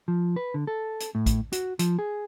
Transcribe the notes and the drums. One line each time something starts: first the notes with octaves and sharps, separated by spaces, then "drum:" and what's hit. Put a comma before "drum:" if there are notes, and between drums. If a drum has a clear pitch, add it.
F3
B4
D3
A4
drum: hi-hat
A2
drum: kick A1, hi-hat
F#4, drum: hi-hat
F3, drum: hi-hat
G#4